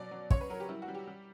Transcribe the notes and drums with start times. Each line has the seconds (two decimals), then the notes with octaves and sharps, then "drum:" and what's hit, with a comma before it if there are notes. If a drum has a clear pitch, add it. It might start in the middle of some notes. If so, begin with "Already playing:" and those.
Already playing: B2 F#3 D5
0.11 F#3
0.30 C#3 C#5, drum: kick
0.41 B4
0.50 F#3 A#4
0.60 G4
0.69 G3 E4
0.82 F#4
0.88 G3
0.95 G4
1.07 G3